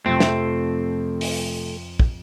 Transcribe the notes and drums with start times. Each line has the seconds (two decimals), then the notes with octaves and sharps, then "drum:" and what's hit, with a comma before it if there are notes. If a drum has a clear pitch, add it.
0.06 F2 C3 F3 A3 C4
0.20 drum: snare
1.21 drum: open hi-hat
2.00 drum: kick